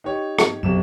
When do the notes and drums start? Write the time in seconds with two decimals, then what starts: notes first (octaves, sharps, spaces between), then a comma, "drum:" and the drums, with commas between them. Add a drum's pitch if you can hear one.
0.04 D#4 G4 C#5
0.39 drum: rim click
0.63 B1 F#2 C3 E7